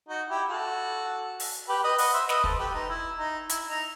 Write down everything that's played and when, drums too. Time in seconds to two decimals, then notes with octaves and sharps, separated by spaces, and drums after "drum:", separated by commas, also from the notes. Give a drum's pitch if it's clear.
0.09 D#4 F#4
0.29 E4 G4
0.49 F#4 A4
1.40 drum: open hi-hat
1.69 G4 B4
1.83 B4 D#5
1.98 D#5 F#5, drum: open hi-hat
2.13 C5 E5
2.29 B4 D#5, drum: snare
2.44 A4 C5, drum: kick
2.59 G4 B4
2.75 D#4
2.89 E4
3.19 D#4
3.50 E4, drum: hi-hat
3.69 D#4